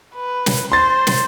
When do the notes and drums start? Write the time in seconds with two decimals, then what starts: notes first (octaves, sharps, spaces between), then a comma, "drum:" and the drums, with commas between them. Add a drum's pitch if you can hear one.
0.16 B4
0.46 drum: snare
0.72 C5 C6 A6
1.07 drum: snare